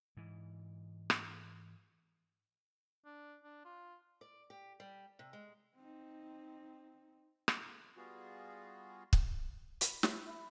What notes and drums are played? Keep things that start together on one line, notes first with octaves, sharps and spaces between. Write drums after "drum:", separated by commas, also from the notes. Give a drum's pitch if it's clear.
G#2 E3
drum: rim click
D4
D4
F4
D5
G4
G3
C3
G#3
C4 D#4
drum: rim click
G3 B3 F4 F#4 G#4
drum: kick
B5, drum: hi-hat
E4, drum: snare
E4